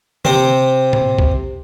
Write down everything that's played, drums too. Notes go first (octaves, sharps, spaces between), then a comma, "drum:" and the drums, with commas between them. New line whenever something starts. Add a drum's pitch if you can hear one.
C3 C4, drum: tom
drum: tom A2
drum: kick